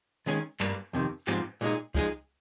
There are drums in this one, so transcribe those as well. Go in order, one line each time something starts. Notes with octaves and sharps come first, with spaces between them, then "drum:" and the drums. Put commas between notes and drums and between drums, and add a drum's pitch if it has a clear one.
D#3 G#3 C#4 G#4
G2 G3 A#3, drum: clap
F2 C3 D#3
G#2 F3 C4 G4, drum: clap
A#2 G#3 D#4 G#4
F3 G#3 D#4 G#4, drum: kick C2